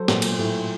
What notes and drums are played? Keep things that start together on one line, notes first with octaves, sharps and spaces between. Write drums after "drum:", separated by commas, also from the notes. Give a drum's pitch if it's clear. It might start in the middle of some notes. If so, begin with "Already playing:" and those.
Already playing: F#3 A4 C5
A#2, drum: snare
drum: cymbal
A2